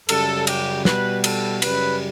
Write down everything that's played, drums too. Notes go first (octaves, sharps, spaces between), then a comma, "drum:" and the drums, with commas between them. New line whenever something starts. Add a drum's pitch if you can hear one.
F#2 C#3 G3 A4, drum: cymbal
G4, drum: cymbal
B2 G3 B4, drum: snare
A4, drum: cymbal
F#2 C#3 G3 B4, drum: cymbal